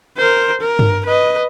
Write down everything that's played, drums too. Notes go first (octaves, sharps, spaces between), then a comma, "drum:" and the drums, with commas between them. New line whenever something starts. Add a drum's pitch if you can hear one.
A#4 C5
A#4
drum: tom G2
B4 D#5